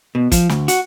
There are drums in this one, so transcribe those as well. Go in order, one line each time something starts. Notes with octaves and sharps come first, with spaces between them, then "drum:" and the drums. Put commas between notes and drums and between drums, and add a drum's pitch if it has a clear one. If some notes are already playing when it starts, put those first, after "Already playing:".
B2
F3, drum: kick, hi-hat
D2, drum: snare
F#4, drum: hi-hat